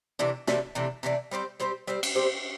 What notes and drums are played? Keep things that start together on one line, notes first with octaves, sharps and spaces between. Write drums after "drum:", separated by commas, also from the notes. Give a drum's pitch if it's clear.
C3 E3 A3 D4
C3 E3 A3 D4, drum: snare
C3 E3 A3 D4
C3 E3 A3 D4
G3 C4 G4 C5
G3 C4 G4 C5
G3 C4 G4 C5
drum: cymbal
G3 C4 G4 C5